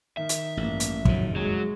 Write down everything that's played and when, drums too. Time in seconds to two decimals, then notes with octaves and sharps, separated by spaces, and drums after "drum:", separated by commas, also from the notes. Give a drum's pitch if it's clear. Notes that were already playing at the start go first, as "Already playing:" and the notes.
0.17 D#3 E5
0.29 drum: hi-hat
0.57 A1 G2 A#3
0.80 drum: hi-hat
1.05 F#1 F2 A#2 D#3 F#3, drum: kick
1.36 F#3 G#3